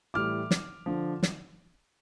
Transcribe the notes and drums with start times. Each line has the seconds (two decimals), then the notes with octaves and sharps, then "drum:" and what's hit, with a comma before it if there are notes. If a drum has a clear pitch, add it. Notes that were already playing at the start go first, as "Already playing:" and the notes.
0.14 A2 E3 G3 D6 F6
0.51 drum: snare
0.86 D3 F3
1.23 drum: snare